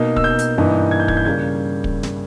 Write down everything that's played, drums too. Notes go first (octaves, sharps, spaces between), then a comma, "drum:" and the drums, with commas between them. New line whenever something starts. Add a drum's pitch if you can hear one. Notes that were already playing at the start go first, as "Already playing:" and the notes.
Already playing: B2 A#3 D#4
E6, drum: kick
G6
drum: hi-hat
G2 E3 A#3 D#4
G#6
G6
G#6, drum: kick
G6
C#3 G3 A#3 G#6
drum: kick
drum: snare